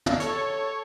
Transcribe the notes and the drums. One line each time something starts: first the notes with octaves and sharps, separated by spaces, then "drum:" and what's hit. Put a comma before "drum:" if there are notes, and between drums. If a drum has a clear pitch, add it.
drum: tom
A4 C#5, drum: hi-hat